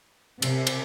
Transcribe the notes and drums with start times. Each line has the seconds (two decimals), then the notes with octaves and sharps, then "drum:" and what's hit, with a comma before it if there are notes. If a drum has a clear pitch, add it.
0.42 C3, drum: cymbal
0.67 drum: cymbal